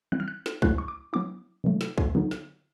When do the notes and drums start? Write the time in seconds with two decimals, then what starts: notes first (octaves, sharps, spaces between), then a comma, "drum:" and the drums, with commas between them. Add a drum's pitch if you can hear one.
0.12 E3 G3 C4 E4 F#6
0.20 F6
0.28 F#6
0.46 drum: snare
0.62 F#3 A3 C#4 E4 F#6, drum: kick
0.78 C#6
0.88 D6
1.13 F#3 B3 E4 D6
1.64 C3 D#3 F#3 A3
1.81 drum: snare
1.98 drum: kick
2.15 D3 F#3 B3 D#4
2.31 drum: snare